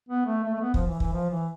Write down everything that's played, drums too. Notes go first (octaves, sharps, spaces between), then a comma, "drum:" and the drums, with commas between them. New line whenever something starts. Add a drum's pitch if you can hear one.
B3
A3
A3
A3
B3
F3, drum: kick
E3
E3, drum: kick
F3
E3